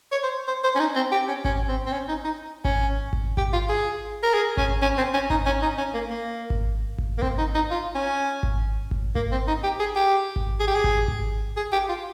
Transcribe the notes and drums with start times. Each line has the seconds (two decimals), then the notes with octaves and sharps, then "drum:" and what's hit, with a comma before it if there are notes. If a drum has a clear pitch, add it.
0.12 C#5
0.23 C5
0.48 C5
0.64 C5
0.75 C#4
0.80 D#4
0.96 C4
1.12 G4
1.28 C#4
1.45 C#4, drum: kick G#1
1.68 C4
1.86 C4
1.92 C#4
2.08 D#4
2.25 D#4
2.65 C#4, drum: kick G#1
3.13 drum: kick G#1
3.37 G4, drum: kick G#1
3.53 F4
3.69 G#4
4.23 A#4
4.34 G#4
4.57 C#4, drum: kick G#1
4.82 C#4
4.97 C4
5.14 C#4
5.30 D#4, drum: kick G#1
5.46 C#4
5.62 D#4
5.78 C#4
5.94 A#3
6.10 A#3
6.50 drum: kick G#1
6.98 drum: kick G#1
7.18 A#3
7.22 C4, drum: kick G#1
7.38 D#4
7.55 D#4
7.71 F4
7.95 C#4
8.43 drum: kick G#1
8.91 drum: kick G#1
9.15 A#3, drum: kick G#1
9.32 C4
9.48 D#4
9.63 G4
9.79 G#4
9.96 G4
10.36 drum: kick G#1
10.60 G#4
10.67 G4
10.75 G#4
10.84 drum: kick G#1
11.08 drum: kick G#1
11.57 G#4
11.73 G4
11.89 F4